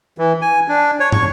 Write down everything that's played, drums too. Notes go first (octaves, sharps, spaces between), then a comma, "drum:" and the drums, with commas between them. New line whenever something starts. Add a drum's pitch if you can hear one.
E3
G#5
D4
C#5
C#6, drum: tom